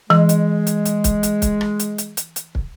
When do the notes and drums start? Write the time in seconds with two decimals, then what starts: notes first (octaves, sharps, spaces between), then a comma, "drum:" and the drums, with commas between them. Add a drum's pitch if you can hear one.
0.10 E3 G#3, drum: rim click
0.29 drum: hi-hat
0.67 drum: hi-hat
0.85 drum: hi-hat
1.04 drum: kick, hi-hat
1.23 drum: hi-hat
1.42 drum: kick, hi-hat
1.61 drum: rim click
1.80 drum: hi-hat
1.98 drum: hi-hat
2.17 drum: hi-hat
2.36 drum: hi-hat
2.55 drum: kick